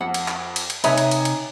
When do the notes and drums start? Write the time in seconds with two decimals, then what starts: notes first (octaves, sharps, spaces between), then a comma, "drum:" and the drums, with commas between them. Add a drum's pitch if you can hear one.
0.01 F2 F#5
0.14 drum: cymbal
0.28 drum: clap
0.56 drum: cymbal
0.70 drum: cymbal
0.84 C3 D#4 B4 C#5 D#5 E5 G#5 A#5, drum: cymbal
0.98 drum: cymbal
1.11 drum: cymbal
1.25 drum: cymbal